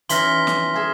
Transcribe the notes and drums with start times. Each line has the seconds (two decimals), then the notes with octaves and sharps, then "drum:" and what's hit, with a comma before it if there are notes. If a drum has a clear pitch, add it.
0.09 F#2 E3 D#4 C6 F6 A#6 B6 G7, drum: hi-hat
0.47 drum: snare
0.74 A3 G#4 E5